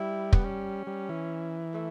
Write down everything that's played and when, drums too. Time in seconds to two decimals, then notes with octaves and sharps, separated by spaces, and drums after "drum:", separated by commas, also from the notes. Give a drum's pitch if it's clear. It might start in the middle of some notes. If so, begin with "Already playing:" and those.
Already playing: G3 E4
0.33 B3, drum: kick
0.45 C#4
0.87 G3
1.09 E3
1.74 A3